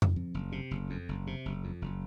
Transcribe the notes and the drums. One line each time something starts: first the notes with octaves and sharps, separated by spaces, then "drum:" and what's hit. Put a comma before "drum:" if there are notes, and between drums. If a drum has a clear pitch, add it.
drum: tom F2
F2
F#1
C3
F#1
F2
F#1
C3
F#1
F2
F#1